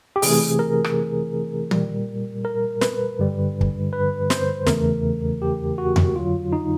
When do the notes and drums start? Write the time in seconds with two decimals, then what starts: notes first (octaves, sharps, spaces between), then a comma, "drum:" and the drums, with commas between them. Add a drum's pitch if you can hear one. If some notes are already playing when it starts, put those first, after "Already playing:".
0.16 G4
0.22 C3 E3 A3 G#4, drum: open hi-hat
0.59 A#4
0.84 drum: rim click
1.71 A#2 G3, drum: tom D#3
2.45 A#4
2.81 B4, drum: snare
3.19 G2 D3 G3
3.61 drum: kick
3.93 B4
4.30 C5, drum: snare
4.66 E2 C#3 E3 A3 A#4, drum: snare
5.42 G4
5.78 F#4
5.96 drum: tom E2
6.16 F2 D3 F#3 F4
6.52 D#4